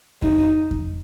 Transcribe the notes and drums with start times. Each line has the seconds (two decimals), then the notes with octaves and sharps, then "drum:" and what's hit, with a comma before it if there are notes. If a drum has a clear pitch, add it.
0.22 D#4, drum: kick F2
0.71 drum: kick F2